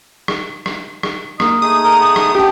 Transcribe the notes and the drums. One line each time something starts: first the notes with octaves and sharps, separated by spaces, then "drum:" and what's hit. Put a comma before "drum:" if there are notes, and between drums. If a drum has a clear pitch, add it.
drum: rim click
drum: rim click
drum: rim click
A#3 D#5, drum: rim click
A3 D#4 G#4 D#6
A#4 D#6
B3
drum: rim click
G4 G5 A5